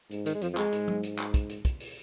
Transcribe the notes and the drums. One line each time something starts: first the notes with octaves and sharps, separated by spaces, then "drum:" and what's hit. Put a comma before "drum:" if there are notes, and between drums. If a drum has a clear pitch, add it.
G#2, drum: hi-hat
D#3, drum: hi-hat
G#3
F2 F3, drum: hi-hat
F3
G#3, drum: clap
G#2, drum: hi-hat
drum: tom F#3
drum: hi-hat
drum: clap
drum: kick, hi-hat
drum: hi-hat
drum: kick, hi-hat
drum: open hi-hat